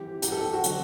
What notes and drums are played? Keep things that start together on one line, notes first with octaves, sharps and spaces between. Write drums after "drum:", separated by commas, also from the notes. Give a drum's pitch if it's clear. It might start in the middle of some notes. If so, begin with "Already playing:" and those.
Already playing: E3 G3 C4 G4
G4, drum: hi-hat
A4
G4
F#4
D3 F#3 C4, drum: hi-hat